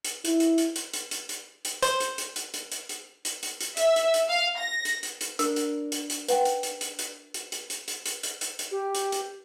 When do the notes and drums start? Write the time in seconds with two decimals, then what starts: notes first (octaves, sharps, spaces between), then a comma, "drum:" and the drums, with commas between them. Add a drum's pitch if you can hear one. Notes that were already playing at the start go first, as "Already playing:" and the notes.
0.05 drum: hi-hat
0.25 E4, drum: hi-hat
0.40 drum: hi-hat
0.58 drum: hi-hat
0.76 drum: hi-hat
0.94 drum: hi-hat
1.11 drum: hi-hat
1.29 drum: hi-hat
1.65 drum: hi-hat
1.83 C5, drum: hi-hat
2.00 drum: hi-hat
2.18 drum: hi-hat
2.36 drum: hi-hat
2.54 drum: hi-hat
2.72 drum: hi-hat
2.89 drum: hi-hat
3.25 drum: hi-hat
3.43 drum: hi-hat
3.61 drum: hi-hat
3.77 E5, drum: hi-hat
3.96 drum: hi-hat
4.14 drum: hi-hat
4.28 F5
4.59 A#6
4.85 drum: hi-hat
5.03 drum: hi-hat
5.21 drum: hi-hat
5.39 D4 A#4 E6, drum: hi-hat
5.56 drum: hi-hat
5.92 drum: hi-hat
6.10 drum: hi-hat
6.29 B4 F#5 G5, drum: hi-hat
6.45 drum: hi-hat
6.63 drum: hi-hat
6.81 drum: hi-hat
6.99 drum: hi-hat
7.34 drum: hi-hat
7.52 drum: hi-hat
7.70 drum: hi-hat
7.88 drum: hi-hat
8.06 drum: hi-hat
8.23 drum: hi-hat
8.41 drum: hi-hat
8.59 drum: hi-hat
8.71 G4
8.95 drum: hi-hat
9.12 drum: hi-hat